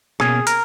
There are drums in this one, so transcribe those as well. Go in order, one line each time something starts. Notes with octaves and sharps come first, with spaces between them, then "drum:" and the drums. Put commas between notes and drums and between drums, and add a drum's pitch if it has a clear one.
B2 A#3 C#4 G#4, drum: rim click
A#4, drum: hi-hat